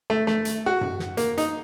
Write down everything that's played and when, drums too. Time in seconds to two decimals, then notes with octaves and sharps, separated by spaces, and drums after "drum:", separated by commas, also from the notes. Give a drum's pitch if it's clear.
0.10 A3
0.27 A3, drum: snare
0.45 drum: hi-hat
0.66 F#4
0.81 drum: tom F#2
0.99 drum: snare
1.17 A#3, drum: hi-hat
1.38 D#4, drum: hi-hat